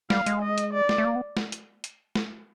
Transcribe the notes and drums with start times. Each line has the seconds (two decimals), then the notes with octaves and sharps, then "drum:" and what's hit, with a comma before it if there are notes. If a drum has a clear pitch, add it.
0.10 G3 F5, drum: snare
0.26 G#3, drum: hi-hat
0.42 D#5
0.58 drum: hi-hat
0.74 D5
0.89 drum: snare
0.98 A3
1.05 A#3
1.15 B3
1.37 drum: snare
1.52 drum: hi-hat
1.84 drum: hi-hat
2.15 drum: snare